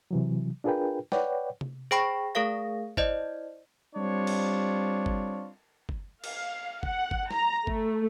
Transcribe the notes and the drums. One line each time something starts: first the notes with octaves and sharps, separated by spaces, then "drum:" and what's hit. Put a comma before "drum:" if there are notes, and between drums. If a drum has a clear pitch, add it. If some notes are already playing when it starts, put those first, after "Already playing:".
C3 E3 F#3
D4 F4 G#4 A#4 B4 G5
B4 C#5 D5 F#5 G5, drum: snare
drum: tom C3
G#4 C5 G5 B5 C#6 A#6
A3 G#4 A#4 F5 A#6
E4 C5 D5 D#5, drum: kick G1
G3 C4 D4 F4 C#5
drum: cymbal
drum: kick G1
drum: kick G1
F5, drum: cymbal
F#5, drum: kick G1
drum: kick G1
A#5, drum: snare
A3, drum: kick G1